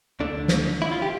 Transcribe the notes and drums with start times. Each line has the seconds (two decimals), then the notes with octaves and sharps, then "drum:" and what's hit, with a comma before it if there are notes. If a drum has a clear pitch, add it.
0.20 D2 D3 A3 D4
0.48 drum: snare
0.82 E4
0.92 F4
1.02 G4